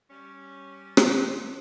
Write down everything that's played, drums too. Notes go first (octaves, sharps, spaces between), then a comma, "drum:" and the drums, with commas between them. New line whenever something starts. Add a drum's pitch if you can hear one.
G3 C#4
D#3 F3, drum: rim click